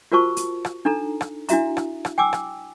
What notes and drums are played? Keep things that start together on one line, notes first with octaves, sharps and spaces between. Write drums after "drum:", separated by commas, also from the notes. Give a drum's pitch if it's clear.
F4 F#4 A#4 C5 A5 C#6
drum: hi-hat
drum: rim click
D4 D#4 A4 A#5
drum: rim click
D4 E4 F#4 E5 A#5, drum: hi-hat
drum: rim click
drum: rim click
G5 G#5 D6 E6
drum: rim click